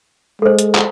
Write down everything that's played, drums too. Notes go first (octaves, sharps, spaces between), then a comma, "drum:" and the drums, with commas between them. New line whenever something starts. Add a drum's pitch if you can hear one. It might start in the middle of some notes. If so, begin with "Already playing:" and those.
G#3 A4 C5
drum: hi-hat
drum: clap